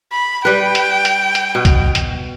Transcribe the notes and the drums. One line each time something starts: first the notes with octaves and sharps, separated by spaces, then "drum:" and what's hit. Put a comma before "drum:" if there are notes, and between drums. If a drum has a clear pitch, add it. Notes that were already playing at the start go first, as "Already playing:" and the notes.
B5
G3 B4 G5
drum: hi-hat
drum: hi-hat
drum: hi-hat
B2
drum: kick, hi-hat
drum: hi-hat